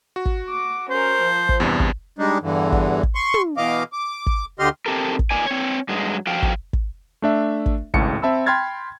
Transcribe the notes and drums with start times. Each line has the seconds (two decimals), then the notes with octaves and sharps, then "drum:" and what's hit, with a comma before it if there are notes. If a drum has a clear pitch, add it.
0.16 F#4
0.26 drum: kick
0.49 D6
0.90 C#4 A#4 C5
1.22 F3
1.49 drum: kick
1.60 E2 G2 C3
1.80 drum: kick
2.19 G3 G#3 D4 D#4
2.42 E2 G2 D3 E3
2.72 drum: kick
3.03 drum: kick
3.15 C6 C#6
3.34 drum: tom
3.57 B2 E3 D#5 F5 D6
3.93 D6
4.26 drum: kick
4.59 D2 D3 G4 D#5 C6 F6
4.86 C4 G4 A4 A#4
5.19 drum: kick
5.31 A#2 D#3 D5 G#5
5.46 C4 C#5
5.89 G2 F#3 G#3
6.27 F3 F#4 F5 G5
6.42 drum: kick
6.73 drum: kick
7.22 A3 D4 E5
7.66 drum: kick
7.94 G#1 C#2 A2 A5 C#7, drum: kick
8.22 C4 E5 A5 B5 E6
8.46 G5 B5 C6 F6 G#6 A6